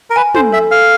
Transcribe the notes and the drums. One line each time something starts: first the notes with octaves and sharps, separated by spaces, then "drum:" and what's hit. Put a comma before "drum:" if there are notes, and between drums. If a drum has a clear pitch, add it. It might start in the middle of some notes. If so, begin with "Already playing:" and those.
A#4
B4 G#5
A4 C5, drum: tom
A4 E5
A4 F5